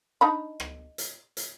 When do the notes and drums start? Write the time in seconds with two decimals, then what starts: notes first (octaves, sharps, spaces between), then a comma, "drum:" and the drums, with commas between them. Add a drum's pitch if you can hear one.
0.21 D4 D#4 B5
0.60 drum: rim click
0.98 drum: hi-hat
1.37 drum: hi-hat